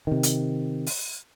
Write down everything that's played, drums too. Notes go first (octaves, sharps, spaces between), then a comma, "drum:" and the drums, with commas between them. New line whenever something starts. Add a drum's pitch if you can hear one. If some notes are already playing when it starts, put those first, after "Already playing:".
C3 D#3
drum: hi-hat
drum: open hi-hat